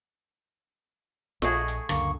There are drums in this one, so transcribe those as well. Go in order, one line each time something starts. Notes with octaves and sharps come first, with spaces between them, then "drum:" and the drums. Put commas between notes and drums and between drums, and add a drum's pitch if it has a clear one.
A#1 A3 F#4 G#4 D#5, drum: snare F4
drum: hi-hat
C#2 F#2 D3 A#3 C#6, drum: rim click